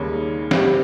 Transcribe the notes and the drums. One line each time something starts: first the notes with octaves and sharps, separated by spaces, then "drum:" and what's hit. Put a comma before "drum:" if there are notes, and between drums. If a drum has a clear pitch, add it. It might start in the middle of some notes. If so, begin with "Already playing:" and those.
Already playing: D#2 C#3 G3 C#4
G2 G3 C4 G4, drum: snare